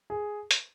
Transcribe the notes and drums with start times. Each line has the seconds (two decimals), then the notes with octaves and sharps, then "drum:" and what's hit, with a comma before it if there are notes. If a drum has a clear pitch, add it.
0.10 G#4
0.51 drum: hi-hat